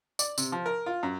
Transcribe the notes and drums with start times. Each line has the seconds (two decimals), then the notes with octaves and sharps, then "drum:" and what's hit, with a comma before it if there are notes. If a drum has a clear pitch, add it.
0.19 D5, drum: tambourine
0.38 C3, drum: tambourine
0.52 F3
0.66 A#4
0.86 F4
1.03 F#2